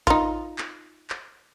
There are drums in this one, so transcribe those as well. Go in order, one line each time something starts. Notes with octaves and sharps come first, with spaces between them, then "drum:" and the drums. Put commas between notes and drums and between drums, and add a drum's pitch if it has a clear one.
D#4 F4, drum: kick A1, hi-hat
drum: clap
drum: clap